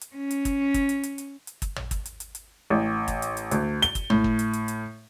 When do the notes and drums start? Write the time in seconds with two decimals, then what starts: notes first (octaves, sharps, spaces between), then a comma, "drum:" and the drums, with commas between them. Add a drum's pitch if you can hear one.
0.01 drum: hi-hat
0.16 C#4
0.31 drum: hi-hat
0.45 drum: kick, hi-hat
0.74 drum: kick, hi-hat
0.89 drum: hi-hat
1.03 drum: hi-hat
1.18 drum: hi-hat
1.47 drum: hi-hat
1.62 drum: kick, hi-hat
1.76 drum: tom
1.91 drum: kick, hi-hat
2.06 drum: hi-hat
2.20 drum: hi-hat
2.35 drum: hi-hat
2.70 A1
3.08 drum: kick, hi-hat
3.22 drum: hi-hat
3.37 drum: hi-hat
3.51 D2, drum: hi-hat
3.82 G7, drum: hi-hat
3.95 drum: kick, hi-hat
4.10 A2, drum: tom
4.24 drum: kick
4.39 drum: hi-hat
4.53 drum: hi-hat
4.68 drum: hi-hat